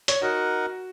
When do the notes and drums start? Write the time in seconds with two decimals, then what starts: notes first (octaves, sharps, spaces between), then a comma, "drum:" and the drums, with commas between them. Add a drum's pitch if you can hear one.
0.08 C#5, drum: hi-hat
0.21 D#4 F#4 A#4 D#5 F#5